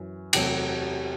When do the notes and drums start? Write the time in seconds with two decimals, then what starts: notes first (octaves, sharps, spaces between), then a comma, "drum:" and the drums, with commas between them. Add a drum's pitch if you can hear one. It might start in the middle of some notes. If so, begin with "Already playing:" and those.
Already playing: F#2 E3
0.33 E2 C3 F#3 A3 G5, drum: cymbal